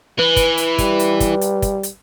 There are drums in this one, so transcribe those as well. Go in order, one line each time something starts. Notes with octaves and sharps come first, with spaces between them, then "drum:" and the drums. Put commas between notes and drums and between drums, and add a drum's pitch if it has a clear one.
E3 B4
drum: kick, hi-hat
drum: hi-hat
G3, drum: kick, hi-hat
drum: hi-hat
drum: kick, hi-hat
drum: hi-hat
drum: kick, hi-hat
drum: hi-hat